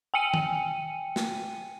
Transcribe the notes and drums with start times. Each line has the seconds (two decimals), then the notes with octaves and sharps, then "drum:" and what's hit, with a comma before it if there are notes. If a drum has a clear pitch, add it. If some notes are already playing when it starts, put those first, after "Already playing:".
0.14 G5 G#5 C#7 D#7
0.34 drum: tom D#3
1.16 drum: snare